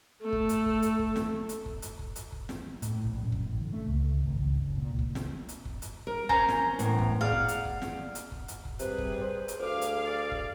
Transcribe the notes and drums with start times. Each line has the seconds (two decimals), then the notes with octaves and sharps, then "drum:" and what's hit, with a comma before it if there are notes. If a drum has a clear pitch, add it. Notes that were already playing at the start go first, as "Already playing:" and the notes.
0.22 A3
0.32 drum: kick
0.49 drum: hi-hat
0.66 drum: kick
0.82 drum: hi-hat
0.99 drum: kick
1.16 drum: snare
1.49 drum: hi-hat
1.66 drum: kick
1.82 drum: hi-hat
1.99 drum: kick
2.16 drum: hi-hat
2.32 drum: kick
2.49 drum: snare
2.82 A2, drum: hi-hat
3.04 A#1
3.22 F#2
3.32 drum: kick
3.46 A1
3.61 D3
3.73 A3
3.87 C#2
4.24 G#1
4.40 C#2
4.62 F#1
4.78 A#2
4.90 C#2
4.99 drum: kick
5.15 drum: snare
5.49 drum: hi-hat
5.65 drum: kick
5.82 drum: hi-hat
6.07 A#4
6.29 C#4 C5 A#5, drum: kick
6.48 drum: snare
6.79 E2 A2, drum: hi-hat
6.98 drum: kick
7.21 G#4 D5 F5 F#5
7.32 drum: kick
7.48 drum: hi-hat
7.65 drum: kick
7.82 drum: snare
8.15 drum: hi-hat
8.32 drum: kick
8.48 drum: hi-hat
8.65 drum: kick
8.79 C3 G3 G#4 B4, drum: hi-hat
8.98 drum: kick
9.21 C5
9.48 drum: hi-hat
9.60 D2 G#4 F5 D6 F6
9.81 drum: hi-hat
10.05 D5
10.31 drum: kick